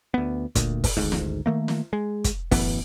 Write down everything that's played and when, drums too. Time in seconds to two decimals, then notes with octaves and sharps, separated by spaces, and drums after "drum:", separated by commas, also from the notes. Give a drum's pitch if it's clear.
0.14 D2 B3
0.55 D2 A#2, drum: kick, hi-hat
0.84 drum: kick, open hi-hat
0.97 G#1 D2 G#2
1.12 drum: snare
1.46 D#3 A3 A#3
1.68 drum: snare
1.93 G#3
2.24 drum: kick, hi-hat
2.51 A1 F#2 E3 B3, drum: kick, open hi-hat